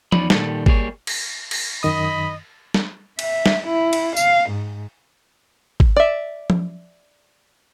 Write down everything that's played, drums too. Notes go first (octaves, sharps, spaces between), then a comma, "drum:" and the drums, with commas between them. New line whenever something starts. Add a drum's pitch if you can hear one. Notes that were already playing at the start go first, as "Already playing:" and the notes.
E2 F3 D#4 C#5 D5 B5, drum: tom F3
A#2 D#3 G3 A4, drum: snare
G3 A#3 G#4 C#5, drum: kick G#1
drum: cymbal
drum: cymbal
F#2 D#3 D#5 B5 D#6
drum: snare
E5, drum: cymbal
drum: snare
E4
drum: cymbal
F5, drum: tambourine
G#2
drum: kick G#1
D5 E5
drum: tom F3